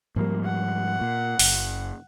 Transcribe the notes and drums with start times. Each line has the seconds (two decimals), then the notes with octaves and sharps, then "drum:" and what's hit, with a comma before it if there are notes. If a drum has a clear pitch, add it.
0.16 G#2 F3 G3 A#3
0.45 F#5
1.01 A#2
1.39 F#1, drum: open hi-hat